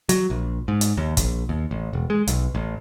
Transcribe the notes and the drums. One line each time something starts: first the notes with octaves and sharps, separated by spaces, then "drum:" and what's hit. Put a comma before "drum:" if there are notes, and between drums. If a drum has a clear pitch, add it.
F#3, drum: hi-hat
A#1
G#2
drum: hi-hat
D#2
A#1, drum: kick, hi-hat
D#2
A1
E1
G#3
B1, drum: hi-hat
A1